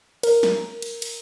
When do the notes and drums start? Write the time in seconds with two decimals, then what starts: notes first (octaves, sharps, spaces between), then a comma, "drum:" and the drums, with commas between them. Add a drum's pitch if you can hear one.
0.23 A#4, drum: cymbal
0.43 drum: snare
0.82 drum: cymbal
1.02 drum: cymbal